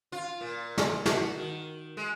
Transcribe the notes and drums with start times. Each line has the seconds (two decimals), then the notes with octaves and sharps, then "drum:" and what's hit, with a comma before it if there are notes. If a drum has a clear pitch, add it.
0.12 F4
0.41 A#2
0.78 drum: snare
1.06 F#4, drum: snare
1.36 D#3
1.97 G#3